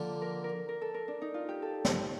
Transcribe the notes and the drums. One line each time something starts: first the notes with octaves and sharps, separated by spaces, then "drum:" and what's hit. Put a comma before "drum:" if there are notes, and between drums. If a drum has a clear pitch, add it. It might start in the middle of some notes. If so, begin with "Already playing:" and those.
Already playing: D3 F3 A#3 D4 A4
A#4
A#4
A#4
A4
A#4
D4
D#4
F4
G4
A4
drum: snare